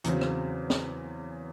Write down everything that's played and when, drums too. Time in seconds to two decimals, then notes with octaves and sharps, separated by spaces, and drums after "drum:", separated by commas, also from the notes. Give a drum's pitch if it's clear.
0.04 E2 C#3 F#3 C4, drum: hi-hat
0.21 drum: rim click
0.70 drum: snare